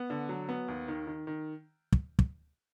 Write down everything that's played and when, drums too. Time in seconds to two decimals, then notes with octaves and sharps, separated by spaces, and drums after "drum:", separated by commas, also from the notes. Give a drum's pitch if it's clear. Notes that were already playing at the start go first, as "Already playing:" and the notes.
Already playing: B3
0.10 D3
0.29 F#3
0.49 B3
0.68 D#2
0.88 D#3
1.07 D#3
1.27 D#3
1.92 drum: kick
2.19 drum: kick